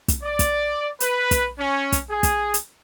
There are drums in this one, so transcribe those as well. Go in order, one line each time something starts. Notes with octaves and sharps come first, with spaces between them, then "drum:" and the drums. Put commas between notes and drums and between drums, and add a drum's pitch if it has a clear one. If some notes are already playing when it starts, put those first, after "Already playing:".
drum: kick, hi-hat
D5
drum: kick, hi-hat
B4, drum: hi-hat
drum: kick, hi-hat
C#4
drum: kick, hi-hat
G#4
drum: kick, hi-hat
drum: hi-hat